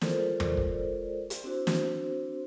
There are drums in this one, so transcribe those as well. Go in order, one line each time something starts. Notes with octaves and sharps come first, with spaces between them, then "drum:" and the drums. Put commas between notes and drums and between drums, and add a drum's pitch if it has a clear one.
G#3 F4 A4 A#4 C5 D5, drum: snare
drum: tom
drum: kick
drum: hi-hat
C4 D4 E4 F#4 C5
drum: snare